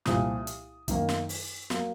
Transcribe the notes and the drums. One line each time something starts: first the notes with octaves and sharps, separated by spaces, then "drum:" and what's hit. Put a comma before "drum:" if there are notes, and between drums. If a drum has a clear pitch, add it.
C2 A#2 F3 D#6, drum: snare
drum: hi-hat
F#2 D#3 A#3, drum: kick, hi-hat
drum: snare
drum: open hi-hat
F#3 A#3, drum: snare